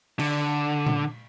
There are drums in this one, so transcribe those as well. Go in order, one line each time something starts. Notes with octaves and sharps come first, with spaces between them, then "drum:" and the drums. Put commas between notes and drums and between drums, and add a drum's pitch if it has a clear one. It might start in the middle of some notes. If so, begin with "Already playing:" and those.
D3, drum: cymbal
drum: tom A#2